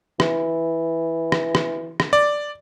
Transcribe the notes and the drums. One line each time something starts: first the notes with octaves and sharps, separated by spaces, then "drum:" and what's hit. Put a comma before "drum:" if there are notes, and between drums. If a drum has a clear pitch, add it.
E3, drum: rim click
drum: rim click
drum: rim click
drum: rim click
D5